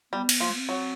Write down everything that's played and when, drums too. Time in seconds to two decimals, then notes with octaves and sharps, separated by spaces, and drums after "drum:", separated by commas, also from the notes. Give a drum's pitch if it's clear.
0.12 G3 B3
0.29 drum: cymbal
0.40 F3 A#3
0.50 G#3
0.55 B3
0.59 C4
0.69 F#3